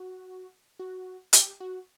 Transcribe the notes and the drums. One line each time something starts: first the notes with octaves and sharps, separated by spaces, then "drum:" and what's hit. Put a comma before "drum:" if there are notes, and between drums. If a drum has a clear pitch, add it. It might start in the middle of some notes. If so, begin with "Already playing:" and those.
Already playing: F#4
F#4
G4, drum: hi-hat
F#4